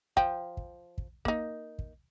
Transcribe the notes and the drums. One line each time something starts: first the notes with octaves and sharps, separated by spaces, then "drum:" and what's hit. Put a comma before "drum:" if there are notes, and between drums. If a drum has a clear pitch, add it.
F3 G5, drum: kick
drum: kick
drum: kick
A#3 D#4, drum: kick
drum: kick